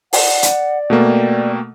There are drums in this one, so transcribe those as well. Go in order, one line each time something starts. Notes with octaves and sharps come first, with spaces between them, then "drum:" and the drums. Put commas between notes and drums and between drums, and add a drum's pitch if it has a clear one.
D5 F#5, drum: open hi-hat
drum: hi-hat
B2 A3 A#3 G5